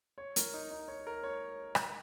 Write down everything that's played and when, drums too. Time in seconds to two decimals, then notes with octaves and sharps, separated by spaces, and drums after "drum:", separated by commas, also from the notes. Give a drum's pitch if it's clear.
0.18 C#5
0.36 A#4, drum: hi-hat
0.54 D#4
0.71 D#4
0.88 C#5
1.07 A#4
1.23 C#5
1.75 drum: rim click